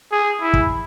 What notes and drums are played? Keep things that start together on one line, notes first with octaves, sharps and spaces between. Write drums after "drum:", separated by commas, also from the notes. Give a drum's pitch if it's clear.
G#4
E4
drum: kick